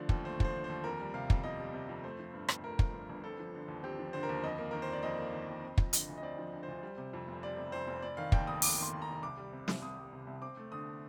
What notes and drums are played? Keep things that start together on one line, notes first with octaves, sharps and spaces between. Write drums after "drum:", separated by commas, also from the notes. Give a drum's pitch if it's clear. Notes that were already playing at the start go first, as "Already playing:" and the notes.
Already playing: D3 F3 A3 D5
D#2, drum: kick
A3 C5
F3 C5, drum: kick
D3
C5
D#2
F2 A#4
G3
C3 F5
F2, drum: kick
F2 D#5
G3
C3
F2
A3 C5
F3
G2
G1, drum: rim click
A3 A#4
F3, drum: kick
G2
G1
C4 A4
F3
D3
D#2
C4 G4
F3
D3 C5
A#4
D#2
F2 D#5
A#3
D#3 A#4
C5
F2 D5
F2 D#5
A#3
D#3
F2
C4
F3, drum: kick
D3, drum: hi-hat
D2
D#5
C4 D5
F3
D3
C5
D2
G3
C3
F2
F1
G3 D5
C3
F2 C5
F1
F1 D5
D#3 F5
D#2 G5, drum: kick
F1 D#6
F1 D6, drum: open hi-hat
D#3 C6
D#2
A#5
F1
C2 D6
G3
C3
C2, drum: snare
C2 D#6
G3
C3
C2
C4 D6
A3
D3 D#6